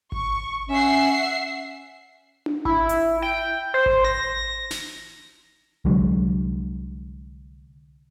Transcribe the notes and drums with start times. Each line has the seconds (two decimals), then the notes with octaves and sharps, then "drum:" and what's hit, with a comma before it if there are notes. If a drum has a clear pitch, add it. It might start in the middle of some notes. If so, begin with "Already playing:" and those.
0.12 C#6, drum: kick G#1
0.69 C#4 E5 F#5 C7
2.46 drum: tom D4
2.65 E4, drum: kick G#1
2.89 drum: hi-hat
3.22 G5
3.74 C5
3.86 drum: kick G#1
4.05 A#6
4.71 drum: snare
5.85 C2 D3 F#3 G#3